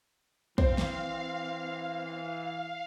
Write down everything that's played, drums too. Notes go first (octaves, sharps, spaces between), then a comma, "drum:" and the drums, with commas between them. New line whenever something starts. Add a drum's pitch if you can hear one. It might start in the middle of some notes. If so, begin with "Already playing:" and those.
E3 C4 C5 F5, drum: kick
drum: snare